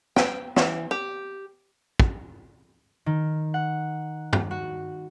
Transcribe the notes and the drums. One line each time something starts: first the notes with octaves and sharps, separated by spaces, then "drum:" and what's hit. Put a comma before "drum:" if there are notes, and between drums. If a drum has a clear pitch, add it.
G5, drum: snare
E3, drum: snare
G4
drum: kick
D#3
F#5
drum: tom G2
F#4